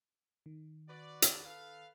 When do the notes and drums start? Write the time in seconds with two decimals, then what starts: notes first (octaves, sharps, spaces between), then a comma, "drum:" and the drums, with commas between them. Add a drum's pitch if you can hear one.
0.46 D#3
0.88 F#4 B4 D5
1.22 drum: hi-hat
1.45 A4 B4 F5